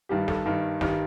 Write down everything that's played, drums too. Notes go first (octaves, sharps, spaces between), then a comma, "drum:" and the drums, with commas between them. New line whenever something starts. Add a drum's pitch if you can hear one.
G2 D#3 G3 G4
A4, drum: snare
G2 D#3 G3
G2 D#3 G3, drum: snare